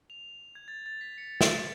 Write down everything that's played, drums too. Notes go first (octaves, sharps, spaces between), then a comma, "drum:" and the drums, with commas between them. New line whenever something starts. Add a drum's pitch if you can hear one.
F7
G#6
A6
A6
B6
C#7
drum: snare